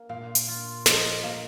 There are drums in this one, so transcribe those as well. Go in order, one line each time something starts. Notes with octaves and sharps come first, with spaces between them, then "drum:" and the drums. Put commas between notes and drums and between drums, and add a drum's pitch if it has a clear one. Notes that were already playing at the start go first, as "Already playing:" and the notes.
Already playing: A#3
A#2 F5
drum: hi-hat
F4
F3 D#5, drum: snare
A#3 F5